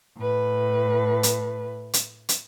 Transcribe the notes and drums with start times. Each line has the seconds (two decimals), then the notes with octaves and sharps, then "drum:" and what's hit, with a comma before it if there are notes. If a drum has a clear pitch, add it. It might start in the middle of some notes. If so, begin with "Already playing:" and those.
0.18 A2 B4
1.23 drum: hi-hat
1.93 drum: hi-hat
2.29 drum: hi-hat